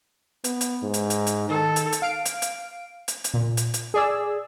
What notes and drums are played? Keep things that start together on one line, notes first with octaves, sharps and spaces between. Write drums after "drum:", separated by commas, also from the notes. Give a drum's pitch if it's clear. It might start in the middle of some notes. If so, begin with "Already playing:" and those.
B3, drum: hi-hat
drum: hi-hat
G#2
drum: hi-hat
drum: hi-hat
drum: hi-hat
D#3 A4
drum: hi-hat
drum: hi-hat
F5 D7
drum: hi-hat
drum: hi-hat
drum: hi-hat
drum: hi-hat
A#2
drum: hi-hat
drum: hi-hat
G#4 D5 E6